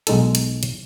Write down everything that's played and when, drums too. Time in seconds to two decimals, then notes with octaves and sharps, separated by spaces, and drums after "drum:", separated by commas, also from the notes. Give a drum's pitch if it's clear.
0.07 B1 G#3 D#4 A4, drum: hi-hat
0.35 drum: hi-hat
0.63 drum: hi-hat